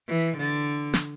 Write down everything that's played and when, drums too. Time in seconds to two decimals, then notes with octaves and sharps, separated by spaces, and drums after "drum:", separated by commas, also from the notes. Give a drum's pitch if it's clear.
0.09 E3
0.37 D3
0.94 drum: snare